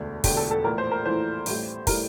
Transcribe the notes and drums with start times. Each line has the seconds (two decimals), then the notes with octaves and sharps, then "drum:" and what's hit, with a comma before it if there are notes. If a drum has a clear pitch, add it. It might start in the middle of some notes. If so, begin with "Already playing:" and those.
Already playing: E1 D2 D3
0.24 E1 D2 D3 G4, drum: kick, open hi-hat
0.37 A4
0.51 A4
0.64 A#1 A2 E3 A#4
0.78 C5
0.91 A#4
1.05 A#1 A2 E3 C5
1.46 A1 A2 G3, drum: open hi-hat
1.87 A2 G3 A#4, drum: kick, open hi-hat